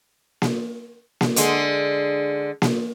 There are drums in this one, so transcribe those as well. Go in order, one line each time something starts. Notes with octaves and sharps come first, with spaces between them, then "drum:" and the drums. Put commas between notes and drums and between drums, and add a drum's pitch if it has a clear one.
drum: snare A#3
drum: snare A#3
D3 G#3, drum: hi-hat
drum: snare A#3